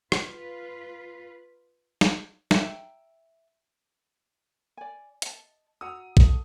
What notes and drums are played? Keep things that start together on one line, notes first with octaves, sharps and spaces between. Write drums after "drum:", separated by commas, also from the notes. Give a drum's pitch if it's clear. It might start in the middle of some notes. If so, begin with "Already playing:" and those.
F4 B4, drum: rim click
drum: snare
E5 G5 A#5, drum: snare
D5 G#5
D#5 A5, drum: hi-hat
F#4 F#5 A#5 D#6 E6
A4, drum: kick A#1